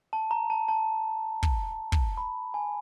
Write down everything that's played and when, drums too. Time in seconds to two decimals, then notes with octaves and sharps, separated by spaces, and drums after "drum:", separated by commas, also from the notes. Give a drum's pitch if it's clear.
0.13 A5
0.31 A#5
0.50 A5
0.68 A5
1.43 drum: kick
1.92 drum: kick
2.17 B5
2.54 G#5